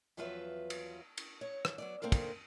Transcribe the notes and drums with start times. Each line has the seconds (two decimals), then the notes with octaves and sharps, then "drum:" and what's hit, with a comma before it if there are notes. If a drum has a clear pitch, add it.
0.17 E2 F3 F#3 F4 B4 E5
0.70 drum: cymbal
1.18 drum: cymbal
1.41 C#5
1.65 drum: rim click
1.78 F#3 B3 D5
2.02 A#3 C4 D4 A4 A#4
2.12 drum: kick, cymbal